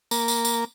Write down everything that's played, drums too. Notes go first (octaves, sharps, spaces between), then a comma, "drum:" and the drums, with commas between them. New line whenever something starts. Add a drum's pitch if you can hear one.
A#3, drum: tambourine
drum: tambourine
drum: tambourine